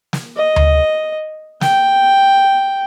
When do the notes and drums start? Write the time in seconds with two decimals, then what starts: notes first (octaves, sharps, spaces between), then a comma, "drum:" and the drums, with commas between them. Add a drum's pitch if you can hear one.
0.13 drum: snare
0.37 D#5
0.56 drum: tom D2
1.61 G5, drum: snare